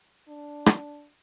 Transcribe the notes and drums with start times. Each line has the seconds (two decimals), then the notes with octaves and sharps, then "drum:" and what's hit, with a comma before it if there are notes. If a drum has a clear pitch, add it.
0.28 D4
0.66 drum: rim click